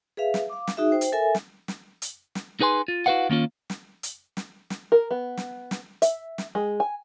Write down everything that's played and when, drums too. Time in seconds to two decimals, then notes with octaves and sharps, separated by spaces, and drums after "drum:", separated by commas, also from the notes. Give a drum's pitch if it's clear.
0.17 G#4 B4 E5 F5
0.34 drum: snare
0.50 F5 D6
0.67 drum: snare
0.77 D#4 F#4 G#4 E5
0.92 C5 G5
1.01 drum: hi-hat
1.12 A4 A#4 E5 G#5
1.35 drum: snare
1.68 drum: snare
2.02 drum: hi-hat
2.35 drum: snare
2.60 D#4 G#4 B4 G#5 C6
2.88 F4
3.06 E4 F#4 A#4 B4 F5 F#5
3.29 D#3 A#3 C#4 F4
3.70 drum: snare
4.03 drum: hi-hat
4.37 drum: snare
4.70 drum: snare
4.92 A#4
5.11 B3
5.37 drum: snare
5.71 drum: snare
6.02 E5, drum: hi-hat
6.38 drum: snare
6.55 G#3
6.80 G#5